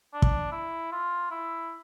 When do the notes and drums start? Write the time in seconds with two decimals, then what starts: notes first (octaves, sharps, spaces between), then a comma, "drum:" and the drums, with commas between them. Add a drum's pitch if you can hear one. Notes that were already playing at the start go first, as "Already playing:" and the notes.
0.13 D4
0.22 drum: kick
0.52 E4
0.92 F4
1.31 E4